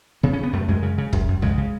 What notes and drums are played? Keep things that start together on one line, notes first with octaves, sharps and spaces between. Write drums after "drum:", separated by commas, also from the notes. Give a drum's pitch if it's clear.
C#3 B3
C#4
C#3 B3
F#2 A3
F#2 G#3
C#3
C#3
F#2, drum: kick
F#2
C#3 G#3, drum: tom B1
C#3